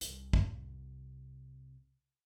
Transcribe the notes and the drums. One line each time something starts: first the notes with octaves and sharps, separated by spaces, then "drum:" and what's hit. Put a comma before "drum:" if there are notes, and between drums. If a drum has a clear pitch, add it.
C2 C3, drum: hi-hat
drum: kick